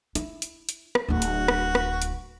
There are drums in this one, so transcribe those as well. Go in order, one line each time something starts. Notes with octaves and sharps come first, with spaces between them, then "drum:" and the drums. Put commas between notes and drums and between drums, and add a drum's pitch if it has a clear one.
E4, drum: hi-hat
drum: hi-hat
drum: hi-hat
drum: rim click
D1 E4 F#4
drum: hi-hat
drum: rim click
drum: rim click
drum: hi-hat